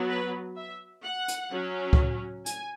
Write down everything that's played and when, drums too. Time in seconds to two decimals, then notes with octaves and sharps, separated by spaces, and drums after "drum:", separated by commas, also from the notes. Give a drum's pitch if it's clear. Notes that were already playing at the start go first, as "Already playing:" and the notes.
Already playing: F#3 B3
0.09 B4
0.56 E5
1.04 F#5
1.28 drum: hi-hat
1.51 F#3 C#4
1.93 drum: kick C#2
2.46 G#5, drum: hi-hat